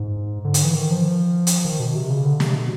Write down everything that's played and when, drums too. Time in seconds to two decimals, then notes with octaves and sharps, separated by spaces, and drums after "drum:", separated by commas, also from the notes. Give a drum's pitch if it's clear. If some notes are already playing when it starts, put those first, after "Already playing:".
Already playing: G#2
0.45 D3
0.54 drum: hi-hat
0.64 E3
0.75 D#3
0.90 F3
1.47 drum: hi-hat
1.65 D#3
1.80 B2
1.95 C3
2.10 C#3
2.25 D3
2.40 C3, drum: snare
2.54 B2